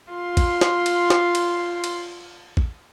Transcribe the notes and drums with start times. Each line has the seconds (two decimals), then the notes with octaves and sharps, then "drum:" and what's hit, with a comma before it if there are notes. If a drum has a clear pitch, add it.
0.13 F4 C6
0.37 drum: kick, cymbal
0.61 drum: snare
0.86 drum: cymbal
1.10 drum: snare
1.35 drum: cymbal
1.84 drum: cymbal
2.57 drum: kick